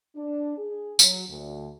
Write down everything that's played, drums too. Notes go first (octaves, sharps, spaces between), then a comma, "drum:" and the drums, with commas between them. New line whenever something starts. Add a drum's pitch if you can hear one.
D4
G#4
F#3, drum: tambourine
D2